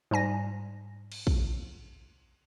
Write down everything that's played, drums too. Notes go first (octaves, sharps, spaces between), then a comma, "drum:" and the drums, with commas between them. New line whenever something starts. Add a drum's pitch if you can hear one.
G#2 G3 G#5 A#6
drum: cymbal
drum: kick